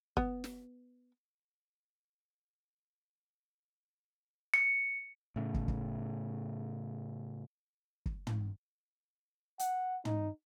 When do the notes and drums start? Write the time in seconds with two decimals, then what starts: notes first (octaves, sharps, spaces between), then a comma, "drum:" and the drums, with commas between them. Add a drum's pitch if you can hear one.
0.17 B3, drum: kick
0.44 drum: snare
4.54 C#7
5.36 A2 C#3
5.54 drum: kick
5.68 drum: kick
8.06 drum: kick
8.27 drum: tom
9.59 F#5, drum: hi-hat
10.05 D#4, drum: tom